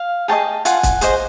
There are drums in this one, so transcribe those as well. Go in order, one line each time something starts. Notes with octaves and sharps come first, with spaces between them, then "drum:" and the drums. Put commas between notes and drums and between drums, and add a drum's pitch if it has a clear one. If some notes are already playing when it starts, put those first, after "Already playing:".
Already playing: F5
G#4 C5 D#5 G5 A5
F4 F#5 G#5, drum: hi-hat
drum: kick, hi-hat
G#4 C5 D#5, drum: hi-hat